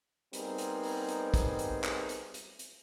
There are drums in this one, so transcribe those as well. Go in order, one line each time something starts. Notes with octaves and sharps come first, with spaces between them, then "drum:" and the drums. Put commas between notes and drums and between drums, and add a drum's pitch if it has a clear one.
G3 B3 C4 D#4 G#4 A#4, drum: hi-hat
drum: hi-hat
drum: open hi-hat
drum: hi-hat
drum: kick, hi-hat
drum: hi-hat
drum: clap
drum: hi-hat
drum: hi-hat
drum: hi-hat